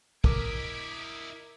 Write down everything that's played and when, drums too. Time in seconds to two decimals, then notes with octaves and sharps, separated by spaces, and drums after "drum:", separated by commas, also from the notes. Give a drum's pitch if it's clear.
0.24 E4 A#4 D#5 D6 G#6 B6 D7, drum: kick